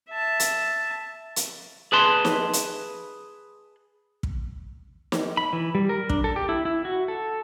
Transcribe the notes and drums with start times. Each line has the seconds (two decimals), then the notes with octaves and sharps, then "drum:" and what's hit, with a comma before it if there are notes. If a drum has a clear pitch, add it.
0.11 E5 A5
0.40 drum: hi-hat
1.36 drum: hi-hat
1.92 G#4 B4 A5 C6
2.25 drum: snare
2.53 drum: hi-hat
4.23 drum: kick
5.12 drum: snare
5.37 B5
5.53 E3
5.75 G3
5.89 A#4
6.09 D4, drum: kick
6.24 A4
6.36 G4
6.49 E4
6.65 E4
6.85 F#4
7.08 A4